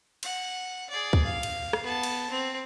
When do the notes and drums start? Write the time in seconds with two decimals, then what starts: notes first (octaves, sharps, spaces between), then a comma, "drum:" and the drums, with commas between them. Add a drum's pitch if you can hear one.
0.23 F#5, drum: cymbal
0.90 G#4 D5
1.13 drum: kick
1.25 F5
1.43 drum: cymbal
1.73 drum: rim click
1.83 B3 A5
2.03 drum: cymbal
2.30 C4